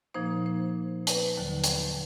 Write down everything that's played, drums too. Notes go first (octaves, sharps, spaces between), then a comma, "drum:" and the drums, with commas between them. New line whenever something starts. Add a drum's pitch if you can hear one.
A#2 F3 A#3 D#4 C5
C5
B4, drum: hi-hat
D#2 D3 F#3
drum: hi-hat